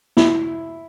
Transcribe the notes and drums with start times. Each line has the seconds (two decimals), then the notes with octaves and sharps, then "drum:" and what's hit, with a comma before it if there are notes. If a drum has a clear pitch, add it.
0.17 E4, drum: snare